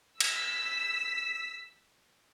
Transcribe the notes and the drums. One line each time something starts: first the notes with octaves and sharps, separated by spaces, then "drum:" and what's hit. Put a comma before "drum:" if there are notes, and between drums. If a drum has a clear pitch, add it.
E6 B6, drum: cymbal